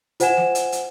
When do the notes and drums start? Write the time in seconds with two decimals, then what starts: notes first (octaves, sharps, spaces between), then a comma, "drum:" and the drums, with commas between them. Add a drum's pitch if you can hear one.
0.20 F4 C5 F#5 G#5 G#6 E7, drum: hi-hat
0.37 drum: snare
0.55 drum: hi-hat
0.72 drum: hi-hat